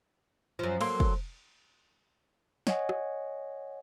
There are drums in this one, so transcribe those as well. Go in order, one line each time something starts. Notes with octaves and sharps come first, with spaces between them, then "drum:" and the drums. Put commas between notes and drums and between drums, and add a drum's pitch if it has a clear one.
F#2 F3
F#3 A#3 A4 C6, drum: cymbal
drum: kick
C#5 D#5 F#5 G#5, drum: snare
drum: rim click